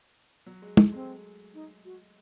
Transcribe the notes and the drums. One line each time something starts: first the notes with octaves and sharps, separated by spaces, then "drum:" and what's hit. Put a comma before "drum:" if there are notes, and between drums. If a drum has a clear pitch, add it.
F#3
G#3
A3, drum: tom
G#3 C4
D#4
F#4